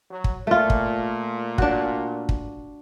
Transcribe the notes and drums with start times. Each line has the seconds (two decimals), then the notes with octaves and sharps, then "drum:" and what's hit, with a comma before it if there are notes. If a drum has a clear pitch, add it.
0.11 F#3
0.24 drum: kick
0.47 A#2 A3 F4
0.70 drum: kick
1.58 D4 F#4, drum: kick
2.29 drum: kick